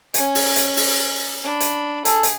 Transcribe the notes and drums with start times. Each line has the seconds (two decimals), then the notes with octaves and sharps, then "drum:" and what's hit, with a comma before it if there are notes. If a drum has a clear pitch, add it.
0.14 C#4 G#5, drum: hi-hat
0.35 drum: open hi-hat
0.56 drum: hi-hat
0.77 drum: open hi-hat
1.44 D4 B5
1.60 drum: hi-hat
2.05 G#4 A4, drum: hi-hat
2.23 drum: hi-hat